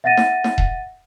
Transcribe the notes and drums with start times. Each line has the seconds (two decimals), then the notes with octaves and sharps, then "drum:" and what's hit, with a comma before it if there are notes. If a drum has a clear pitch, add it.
0.04 E5 F#5 A6 A#6 D#7
0.17 drum: snare
0.44 drum: snare
0.58 drum: kick D#1